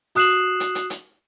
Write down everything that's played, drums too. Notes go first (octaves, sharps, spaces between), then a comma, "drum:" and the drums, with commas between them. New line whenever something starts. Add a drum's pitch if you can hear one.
F#4 D#6 F#6 C7 E7 F#7, drum: open hi-hat
drum: hi-hat
drum: hi-hat
drum: hi-hat